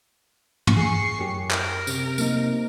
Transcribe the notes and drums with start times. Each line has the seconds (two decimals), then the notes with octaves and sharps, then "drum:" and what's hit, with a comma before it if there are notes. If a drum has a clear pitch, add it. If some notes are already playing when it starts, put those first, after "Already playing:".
0.67 drum: tom
0.77 G#4 C#6 C7
1.18 F#2 G4
1.51 A#4, drum: clap
1.87 C3, drum: tambourine
2.18 A#3 D#4, drum: tambourine